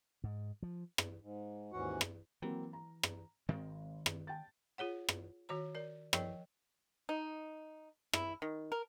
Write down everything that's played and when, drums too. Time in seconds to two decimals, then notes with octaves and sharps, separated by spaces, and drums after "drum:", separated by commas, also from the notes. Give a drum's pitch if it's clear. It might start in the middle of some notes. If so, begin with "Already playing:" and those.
0.24 G#2
0.63 F3
0.98 drum: rim click
1.21 G#2
1.72 D#2 G#2 E3 C#4 F#4 F#5
2.01 drum: rim click
2.42 E3 F#3 A#3 C4
2.73 A#5
3.03 drum: rim click
3.49 G#1 D#3 G#3 C4
4.06 drum: rim click
4.27 G5 A5 A6
4.78 F4 G#4 C#5 F#5
5.09 drum: rim click
5.49 D#3 F#4 C#5 A#5
5.75 A#4 D5
6.13 F3 A#4 C#5 G5 C#6, drum: rim click
7.09 D#4
8.13 E4, drum: rim click
8.42 D#3
8.72 A#4